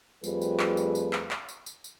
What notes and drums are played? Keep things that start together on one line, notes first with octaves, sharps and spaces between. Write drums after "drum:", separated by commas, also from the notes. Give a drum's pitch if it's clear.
F2 F3 G3 A3 G#4 B4, drum: tambourine
drum: tambourine
drum: clap
drum: tambourine
drum: tambourine
drum: clap
drum: clap
drum: tambourine
drum: tambourine
drum: tambourine